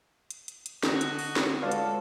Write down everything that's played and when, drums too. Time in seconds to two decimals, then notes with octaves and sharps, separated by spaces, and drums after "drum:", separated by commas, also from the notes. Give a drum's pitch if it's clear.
0.31 drum: hi-hat
0.48 drum: hi-hat
0.66 drum: hi-hat
0.83 D3 F#4 D#5, drum: snare
1.01 drum: hi-hat
1.19 drum: open hi-hat
1.36 drum: snare
1.62 G#3 F4 F#4 A4 B4 C#5 D5 F5
1.72 drum: hi-hat